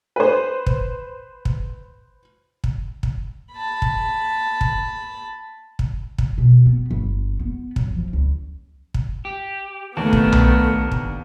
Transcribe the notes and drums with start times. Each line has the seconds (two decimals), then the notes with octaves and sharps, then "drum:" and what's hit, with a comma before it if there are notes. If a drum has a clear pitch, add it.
0.16 B4 C5
0.67 drum: kick
1.45 drum: kick
2.64 drum: kick
3.03 drum: kick
3.53 A5 B5
3.82 drum: kick
4.61 drum: kick
5.79 drum: kick
6.18 drum: kick
6.38 B2
6.66 B3
6.91 G1
7.39 B3
7.76 F#2, drum: kick
7.95 F3
8.13 C#2
8.94 drum: kick
9.25 G4
9.97 D#2 A3 B3 D4 A#4
10.13 drum: kick
10.32 drum: tom B1
10.92 drum: kick